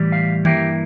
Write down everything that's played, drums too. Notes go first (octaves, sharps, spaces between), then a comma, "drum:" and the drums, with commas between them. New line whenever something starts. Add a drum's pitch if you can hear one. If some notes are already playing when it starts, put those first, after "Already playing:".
Already playing: A2 E3 G3
F5
G2 E3 A#3 E4 G4, drum: tom D#3